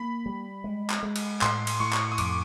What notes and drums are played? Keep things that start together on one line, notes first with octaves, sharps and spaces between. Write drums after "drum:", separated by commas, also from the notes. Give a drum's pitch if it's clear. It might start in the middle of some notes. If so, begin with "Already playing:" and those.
Already playing: A#3 B5
G3
G#3
drum: clap
G#3
drum: cymbal
A2 C6, drum: clap
drum: cymbal
A2 C#6
drum: clap
D#6
F2 D6, drum: cymbal